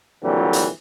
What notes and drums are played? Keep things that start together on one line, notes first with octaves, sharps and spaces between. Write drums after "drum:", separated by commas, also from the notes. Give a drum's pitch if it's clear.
F2 A#2 D3 E3 F#3 G3
drum: hi-hat